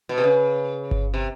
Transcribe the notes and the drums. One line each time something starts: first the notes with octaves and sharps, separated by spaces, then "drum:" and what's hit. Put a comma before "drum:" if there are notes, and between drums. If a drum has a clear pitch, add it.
B2
C3
C#3
drum: kick G1
C3